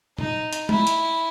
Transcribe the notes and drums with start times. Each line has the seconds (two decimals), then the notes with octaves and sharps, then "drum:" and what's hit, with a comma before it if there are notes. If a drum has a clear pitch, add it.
0.18 D#4, drum: tom A#2
0.53 drum: hi-hat
0.69 E4, drum: tom G#3
0.87 drum: hi-hat